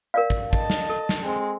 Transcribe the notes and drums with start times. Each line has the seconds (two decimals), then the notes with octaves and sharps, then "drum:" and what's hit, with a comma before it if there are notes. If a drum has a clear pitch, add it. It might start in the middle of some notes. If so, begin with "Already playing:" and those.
0.14 A#4 D5 F5
0.30 drum: kick
0.53 D#5 A5, drum: kick
0.70 drum: snare
0.90 A4
1.09 drum: snare
1.23 G#3 C4